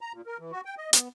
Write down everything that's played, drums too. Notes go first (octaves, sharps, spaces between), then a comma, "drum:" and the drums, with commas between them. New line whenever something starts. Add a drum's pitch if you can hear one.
A#5
A#2
A#4
E3
F#4
G5
D#5
B3, drum: hi-hat